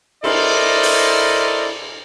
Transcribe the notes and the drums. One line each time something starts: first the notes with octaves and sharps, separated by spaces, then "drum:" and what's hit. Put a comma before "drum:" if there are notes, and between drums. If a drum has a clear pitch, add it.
E4 A4 A#4 C5 D5 D#5, drum: cymbal
drum: open hi-hat